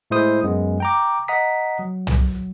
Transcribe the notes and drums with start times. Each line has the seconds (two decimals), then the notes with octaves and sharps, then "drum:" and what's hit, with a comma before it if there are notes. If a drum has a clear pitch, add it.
0.10 A2 G#3 E4 C5 D#6
0.43 F#2 G#3 B3
0.80 G5 A#5 D6
1.28 D#5 F#5 A#5 D#6 B6
1.79 F#3
2.07 drum: tom